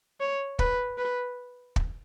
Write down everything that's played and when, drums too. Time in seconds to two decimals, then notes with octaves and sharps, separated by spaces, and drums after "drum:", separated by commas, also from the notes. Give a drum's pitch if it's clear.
0.20 C#5
0.59 B4, drum: kick
0.98 B4
1.76 drum: kick